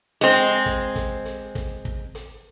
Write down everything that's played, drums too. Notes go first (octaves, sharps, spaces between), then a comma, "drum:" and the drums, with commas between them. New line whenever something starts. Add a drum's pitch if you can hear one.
G#3 C4
drum: kick, hi-hat
drum: kick, hi-hat
drum: hi-hat
drum: kick, hi-hat
drum: kick
drum: hi-hat